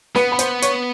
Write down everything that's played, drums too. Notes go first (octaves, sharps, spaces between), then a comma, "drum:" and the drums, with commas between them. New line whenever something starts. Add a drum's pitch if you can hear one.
B3 B4 B5, drum: snare
B5
C5 C6, drum: hi-hat
C#5 C#6, drum: hi-hat